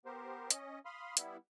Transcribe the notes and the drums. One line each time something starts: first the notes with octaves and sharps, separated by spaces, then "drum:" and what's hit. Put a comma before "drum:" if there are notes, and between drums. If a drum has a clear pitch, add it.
B3 G4 A#4 C5
C#4 D#5, drum: hi-hat
F5 B5 C6 D#6 F6
G3 B3 E4, drum: hi-hat